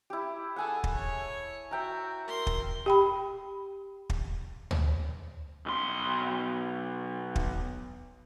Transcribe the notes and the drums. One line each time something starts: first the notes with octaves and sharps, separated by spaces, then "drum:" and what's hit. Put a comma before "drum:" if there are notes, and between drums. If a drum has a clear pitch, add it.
E4 G4
G#4 A4 F#5 G#5 A5
drum: kick
C#5
F#4 E5 G5 A#5
A#4 C6
drum: kick
G4 G5 B5
drum: kick
drum: tom
B1 C6
drum: kick